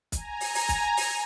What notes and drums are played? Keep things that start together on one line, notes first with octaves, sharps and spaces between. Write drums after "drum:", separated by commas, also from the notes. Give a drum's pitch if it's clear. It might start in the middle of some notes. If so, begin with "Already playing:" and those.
G#5 A#5, drum: kick, hi-hat
drum: open hi-hat
drum: open hi-hat
drum: kick, hi-hat
drum: open hi-hat